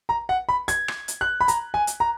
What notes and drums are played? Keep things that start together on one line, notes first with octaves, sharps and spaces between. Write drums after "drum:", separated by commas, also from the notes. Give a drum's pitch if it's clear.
A#5
F#5
B5
G#6, drum: hi-hat
drum: rim click
drum: hi-hat
F#6
B5
A#5, drum: hi-hat
G#5
drum: hi-hat
A#5